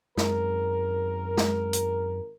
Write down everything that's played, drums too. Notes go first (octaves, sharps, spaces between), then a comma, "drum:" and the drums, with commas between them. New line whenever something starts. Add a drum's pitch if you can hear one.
G#1 F#2 A#4, drum: snare
drum: snare
drum: hi-hat